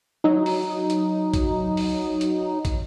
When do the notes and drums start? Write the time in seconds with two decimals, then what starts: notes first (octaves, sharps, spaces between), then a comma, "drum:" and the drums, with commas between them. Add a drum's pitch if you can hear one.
0.24 F#3 D#4
0.46 drum: open hi-hat
0.90 drum: hi-hat
1.34 drum: kick, hi-hat
1.77 drum: open hi-hat
2.21 drum: hi-hat
2.65 drum: kick, hi-hat